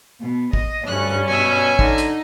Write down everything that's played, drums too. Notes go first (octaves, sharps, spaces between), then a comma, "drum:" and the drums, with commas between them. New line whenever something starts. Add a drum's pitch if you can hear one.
B2
D#5, drum: kick
D2 G2 C#4 F#6
B2 E5 G#5
D3 D#4, drum: kick
drum: hi-hat